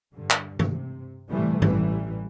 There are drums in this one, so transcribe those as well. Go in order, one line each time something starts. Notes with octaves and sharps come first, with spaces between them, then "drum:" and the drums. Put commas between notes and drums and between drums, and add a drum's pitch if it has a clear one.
G2 D3
drum: clap
C3, drum: tom G2
A2 C3 E3 G3 A3
A1 E3 G3, drum: tom G2